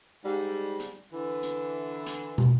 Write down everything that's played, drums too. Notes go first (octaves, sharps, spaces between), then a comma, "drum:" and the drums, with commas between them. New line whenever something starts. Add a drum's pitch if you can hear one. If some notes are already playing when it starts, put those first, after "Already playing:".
G#2 G3
drum: hi-hat
D3 E3
drum: hi-hat
drum: hi-hat
drum: tom